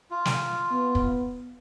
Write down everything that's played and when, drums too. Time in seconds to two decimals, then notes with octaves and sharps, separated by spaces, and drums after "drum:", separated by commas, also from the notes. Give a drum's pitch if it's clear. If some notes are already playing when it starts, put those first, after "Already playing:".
0.11 F4
0.25 drum: snare
0.72 B3
0.95 drum: kick